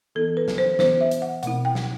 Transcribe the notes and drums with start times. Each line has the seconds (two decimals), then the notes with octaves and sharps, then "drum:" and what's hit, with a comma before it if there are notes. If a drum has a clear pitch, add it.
0.15 E3 B3 E4 A4
0.37 B4
0.48 drum: snare
0.58 C5
0.79 E3 B3 E4 C5, drum: snare
1.01 E5
1.11 drum: hi-hat
1.22 F#5
1.43 B2 A3 C4 E4 F#5, drum: hi-hat
1.65 G5
1.75 drum: snare